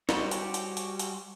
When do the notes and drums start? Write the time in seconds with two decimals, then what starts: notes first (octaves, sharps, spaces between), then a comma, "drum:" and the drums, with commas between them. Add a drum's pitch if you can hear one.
0.09 G3 F#4 G4 C5 C#5, drum: snare
0.31 drum: hi-hat
0.54 drum: hi-hat
0.77 drum: hi-hat
0.99 drum: hi-hat